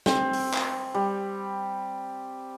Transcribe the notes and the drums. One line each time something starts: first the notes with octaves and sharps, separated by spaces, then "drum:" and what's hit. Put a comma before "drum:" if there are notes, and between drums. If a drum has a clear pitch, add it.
C4, drum: snare
drum: open hi-hat
drum: clap
G3